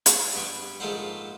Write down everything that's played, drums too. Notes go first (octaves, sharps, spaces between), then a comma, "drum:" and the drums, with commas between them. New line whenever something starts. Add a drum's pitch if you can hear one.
C#6, drum: hi-hat
G2 B3 C#6
A#1 G#2 F4 A4 C5 F#5